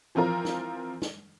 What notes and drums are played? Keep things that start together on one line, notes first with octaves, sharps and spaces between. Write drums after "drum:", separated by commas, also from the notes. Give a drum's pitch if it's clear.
E3 F3 C4 F4 A#4
drum: snare
drum: snare